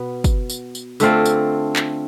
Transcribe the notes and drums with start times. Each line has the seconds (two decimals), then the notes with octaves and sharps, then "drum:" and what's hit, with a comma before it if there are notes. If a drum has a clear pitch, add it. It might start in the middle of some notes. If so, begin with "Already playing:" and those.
Already playing: B2 B3
0.24 drum: kick, tambourine
0.50 drum: tambourine
0.75 drum: tambourine
1.00 D3 A3 C4 F4, drum: tambourine
1.25 drum: tambourine
1.76 drum: clap